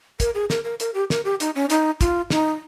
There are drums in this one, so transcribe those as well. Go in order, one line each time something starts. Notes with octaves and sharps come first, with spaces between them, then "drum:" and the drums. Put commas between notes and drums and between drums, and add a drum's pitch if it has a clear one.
A#4, drum: kick, hi-hat
G#4
A#4, drum: snare
A#4
A#4, drum: hi-hat
G4
A#4, drum: snare
G4
D#4, drum: hi-hat
C#4
D#4, drum: hi-hat
F4, drum: kick, hi-hat
D#4, drum: snare